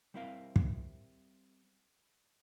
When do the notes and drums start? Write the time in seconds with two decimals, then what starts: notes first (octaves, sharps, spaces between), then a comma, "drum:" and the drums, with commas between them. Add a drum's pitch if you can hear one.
0.14 G3 C4 E4 A#4 F5
0.56 drum: kick